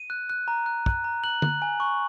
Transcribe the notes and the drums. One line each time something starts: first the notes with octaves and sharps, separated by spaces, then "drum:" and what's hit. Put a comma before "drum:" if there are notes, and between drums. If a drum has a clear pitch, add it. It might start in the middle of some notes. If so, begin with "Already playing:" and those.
Already playing: D#7
F#6
F#6
A#5
F#6
F#6, drum: kick
A#5
F#6 F#7
F#6, drum: tom
G#5
C#6